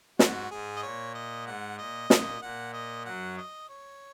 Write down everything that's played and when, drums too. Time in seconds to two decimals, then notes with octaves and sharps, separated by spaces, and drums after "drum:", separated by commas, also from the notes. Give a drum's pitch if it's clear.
0.19 G#2 F#4, drum: snare
0.51 G#2 G#4
0.76 D#5
0.83 A#2 C#5
1.15 D#5
1.46 G#2 F#5
1.78 A#2 D#5
2.10 A#2, drum: snare
2.42 A#2 F#5
2.74 D#5
3.05 F#2 F#3 F#5
3.38 D#5
3.69 C#5